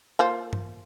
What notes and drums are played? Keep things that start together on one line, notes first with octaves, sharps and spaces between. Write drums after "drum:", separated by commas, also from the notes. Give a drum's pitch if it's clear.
A#3 F4 C5
drum: tom G2